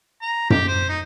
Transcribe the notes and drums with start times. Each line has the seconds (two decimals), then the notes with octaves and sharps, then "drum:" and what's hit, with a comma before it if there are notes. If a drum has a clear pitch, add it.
0.22 A#5
0.50 G4, drum: tom F#2
0.68 C5
0.89 D#4